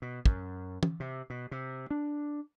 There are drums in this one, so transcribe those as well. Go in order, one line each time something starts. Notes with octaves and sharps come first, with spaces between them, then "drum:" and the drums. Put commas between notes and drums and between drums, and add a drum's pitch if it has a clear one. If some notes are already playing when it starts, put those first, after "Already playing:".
B2
F#2, drum: kick
drum: tom
C3
B2
C3
D4